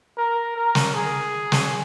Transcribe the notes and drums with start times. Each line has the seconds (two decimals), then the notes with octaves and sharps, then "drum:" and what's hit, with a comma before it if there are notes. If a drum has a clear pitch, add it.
0.18 A#4
0.56 A#4
0.75 drum: snare
0.94 G#4
1.52 drum: snare